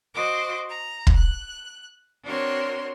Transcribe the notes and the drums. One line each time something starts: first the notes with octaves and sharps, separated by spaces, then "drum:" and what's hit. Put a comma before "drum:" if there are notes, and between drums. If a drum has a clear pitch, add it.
F#4 C5 D#5 C6 D6
A#5
drum: kick
F#6
C4 D4 F#4 A#4 C#5 C6